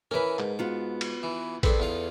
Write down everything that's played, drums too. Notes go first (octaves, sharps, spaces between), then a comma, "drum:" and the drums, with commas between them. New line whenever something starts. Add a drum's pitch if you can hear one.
E3 C#4 A#4 B4
G#2, drum: clap
B3 F4 F#4
drum: cymbal
E3
C4 D4 G#4 A4 B4, drum: kick A1, cymbal
E2 F4 F5